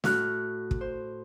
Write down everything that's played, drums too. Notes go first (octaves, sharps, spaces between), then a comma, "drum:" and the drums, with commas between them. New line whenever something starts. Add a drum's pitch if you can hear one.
A2 F#4 F6 F#6, drum: snare
drum: kick
C5